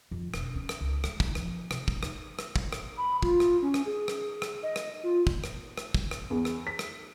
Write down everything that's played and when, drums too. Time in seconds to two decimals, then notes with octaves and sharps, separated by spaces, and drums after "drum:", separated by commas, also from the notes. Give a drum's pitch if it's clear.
0.11 F2
0.34 E1, drum: rim click
0.55 C#4
0.69 drum: rim click
0.81 C#2
1.04 G#3, drum: rim click
1.20 C2, drum: kick
1.35 F3, drum: rim click
1.71 C3, drum: rim click
1.88 drum: kick
2.03 D#4, drum: rim click
2.39 drum: rim click
2.56 drum: kick
2.73 drum: rim click
2.98 B5
3.23 F4, drum: kick
3.40 drum: rim click
3.62 C#4
3.74 drum: rim click
3.86 G#4
4.08 drum: rim click
4.42 drum: rim click
4.63 D#5
4.76 drum: rim click
5.03 F4
5.27 drum: kick
5.44 drum: rim click
5.78 drum: rim click
5.94 drum: kick
6.11 drum: rim click
6.30 E2
6.45 drum: rim click
6.67 B6
6.79 drum: rim click